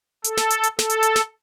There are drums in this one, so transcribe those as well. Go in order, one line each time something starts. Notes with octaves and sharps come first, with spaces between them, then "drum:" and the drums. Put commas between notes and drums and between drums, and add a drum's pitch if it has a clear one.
A4, drum: hi-hat
drum: snare
drum: hi-hat
drum: hi-hat
A4, drum: snare
drum: hi-hat
drum: hi-hat
drum: snare